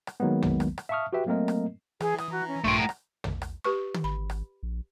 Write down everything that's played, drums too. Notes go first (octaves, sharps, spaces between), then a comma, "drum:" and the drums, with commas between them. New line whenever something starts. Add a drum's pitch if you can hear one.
drum: rim click
D#3 F#3 G#3 A#3 B3
drum: tom
drum: rim click
drum: rim click
E5 F5 A5 C#6 D#6 F6
F#4 G4 B4 E5 G5
F#3 A3 A#3 C4 A#4 D#5
drum: rim click
E3 G#4, drum: rim click
D#6, drum: rim click
F#4 A#5
C#4
A#1 G2 A#2 A3 G5 C6 C#6
F#5 A#5
drum: rim click
drum: tom
drum: rim click
G4 B4 C#6
drum: tom
G#1 B5
drum: rim click
A#1